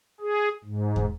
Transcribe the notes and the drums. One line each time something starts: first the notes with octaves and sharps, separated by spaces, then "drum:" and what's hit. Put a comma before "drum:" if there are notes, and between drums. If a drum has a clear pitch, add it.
G#4
G#2
drum: kick